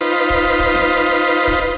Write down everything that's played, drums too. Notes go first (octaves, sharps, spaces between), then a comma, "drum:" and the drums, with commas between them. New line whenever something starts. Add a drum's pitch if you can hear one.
D#4 F4 B4 C5
drum: kick C#1
drum: kick C#1
drum: snare
drum: kick C#1